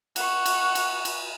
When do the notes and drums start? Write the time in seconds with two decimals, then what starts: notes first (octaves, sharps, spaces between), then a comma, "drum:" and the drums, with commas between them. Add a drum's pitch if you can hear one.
0.16 F#5 C#6, drum: cymbal
0.46 drum: cymbal
0.75 drum: cymbal
1.05 drum: cymbal